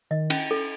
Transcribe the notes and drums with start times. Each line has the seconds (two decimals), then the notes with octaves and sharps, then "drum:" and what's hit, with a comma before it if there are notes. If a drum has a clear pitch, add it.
0.11 D#3 D#5
0.30 C#4, drum: cymbal
0.51 A4